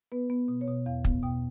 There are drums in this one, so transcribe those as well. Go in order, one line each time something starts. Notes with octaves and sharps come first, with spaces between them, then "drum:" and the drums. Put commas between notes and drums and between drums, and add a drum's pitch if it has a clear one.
B3 B4
B3
B2
C#5
B2
E2 F5
B3, drum: kick
B2 G5